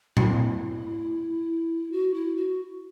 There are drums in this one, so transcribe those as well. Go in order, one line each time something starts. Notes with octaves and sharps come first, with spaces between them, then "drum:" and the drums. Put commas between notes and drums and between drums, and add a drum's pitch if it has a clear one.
E4, drum: tom A#2
F#4
E4
F#4